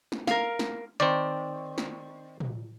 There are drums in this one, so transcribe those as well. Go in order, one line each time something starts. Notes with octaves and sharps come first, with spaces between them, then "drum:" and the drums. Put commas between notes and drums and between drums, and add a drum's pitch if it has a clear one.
drum: snare
A#4 F5, drum: snare
drum: snare
D#3 C4 D5
drum: snare
drum: tom